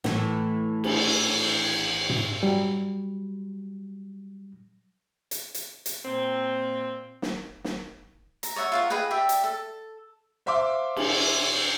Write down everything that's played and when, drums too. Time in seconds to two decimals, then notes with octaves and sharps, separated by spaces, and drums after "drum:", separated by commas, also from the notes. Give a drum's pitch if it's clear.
0.04 A2 E3, drum: snare
0.84 drum: cymbal
2.10 drum: tom G#2
2.43 F#3 G3
5.31 drum: hi-hat
5.55 drum: hi-hat
5.86 drum: hi-hat
6.05 A#2 C4
7.22 drum: snare
7.64 drum: snare
8.43 A#5, drum: hi-hat
8.56 C#5 D5 E5 F#5
8.72 F4 A#4 F#5
8.90 G#4 B4 D#5 G5
9.11 G4 D5 E5 G5
9.29 drum: hi-hat
9.44 A4
10.46 C5 E5 F5 C6 D6
10.96 drum: cymbal